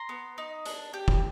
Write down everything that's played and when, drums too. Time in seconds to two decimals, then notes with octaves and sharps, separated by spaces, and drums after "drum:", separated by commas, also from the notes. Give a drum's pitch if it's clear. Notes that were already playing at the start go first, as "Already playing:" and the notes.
Already playing: A#5 C6
0.09 B3
0.38 D#4
0.66 D4, drum: hi-hat
0.93 G4
1.08 drum: kick